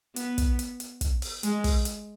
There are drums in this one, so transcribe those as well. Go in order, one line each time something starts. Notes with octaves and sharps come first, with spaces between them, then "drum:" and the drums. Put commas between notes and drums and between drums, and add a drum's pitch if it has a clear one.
B3, drum: hi-hat
drum: kick, hi-hat
drum: hi-hat
drum: hi-hat
drum: kick, hi-hat
drum: open hi-hat
G#3, drum: hi-hat
drum: kick, open hi-hat
drum: hi-hat